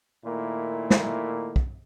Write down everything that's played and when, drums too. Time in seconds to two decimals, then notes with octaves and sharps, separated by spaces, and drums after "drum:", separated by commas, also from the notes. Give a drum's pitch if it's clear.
0.25 A#2 D#3 A3 A#3 E4
0.90 drum: snare
1.56 drum: kick